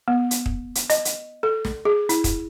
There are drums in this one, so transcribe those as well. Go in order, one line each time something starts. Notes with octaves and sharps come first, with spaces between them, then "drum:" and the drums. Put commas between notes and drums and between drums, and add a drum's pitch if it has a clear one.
B3
drum: hi-hat
drum: kick
drum: hi-hat
D#5, drum: hi-hat
drum: hi-hat
A4
drum: snare
G#4
E4, drum: hi-hat
drum: kick, hi-hat